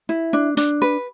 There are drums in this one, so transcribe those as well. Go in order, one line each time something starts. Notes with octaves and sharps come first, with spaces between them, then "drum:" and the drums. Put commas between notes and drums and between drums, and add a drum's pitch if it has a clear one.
E4
D4
D4, drum: hi-hat
B4